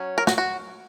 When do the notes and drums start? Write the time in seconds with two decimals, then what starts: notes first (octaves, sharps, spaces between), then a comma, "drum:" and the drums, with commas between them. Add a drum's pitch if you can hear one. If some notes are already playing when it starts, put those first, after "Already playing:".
Already playing: F#3 C#4
0.18 A#4
0.27 F#4, drum: snare
0.38 F#4